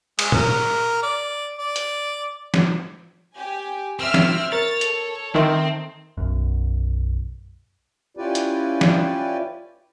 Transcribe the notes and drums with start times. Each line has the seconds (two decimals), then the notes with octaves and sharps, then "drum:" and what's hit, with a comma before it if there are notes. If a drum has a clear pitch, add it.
0.19 G#3, drum: cymbal
0.32 A#4, drum: tom
1.03 D5
1.59 D5
1.76 drum: hi-hat
2.54 drum: snare
3.35 G4 G#5
3.99 C4 E5 E6 F6
4.14 drum: snare
4.52 A#4 C#5 A6
4.81 A4, drum: hi-hat
5.35 D#3 C4 E5 C6
6.17 B1 F#2
8.17 C#4 E4 F4 G4 B4 D5
8.35 drum: hi-hat
8.81 drum: snare